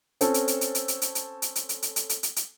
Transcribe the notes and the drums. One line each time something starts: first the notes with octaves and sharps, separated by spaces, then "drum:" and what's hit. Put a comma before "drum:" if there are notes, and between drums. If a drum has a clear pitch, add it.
C4 C#4 A4, drum: hi-hat
drum: hi-hat
drum: hi-hat
drum: hi-hat
drum: hi-hat
drum: hi-hat
drum: hi-hat
drum: hi-hat
drum: hi-hat
drum: hi-hat
drum: hi-hat
drum: hi-hat
drum: hi-hat
drum: hi-hat
drum: hi-hat
drum: hi-hat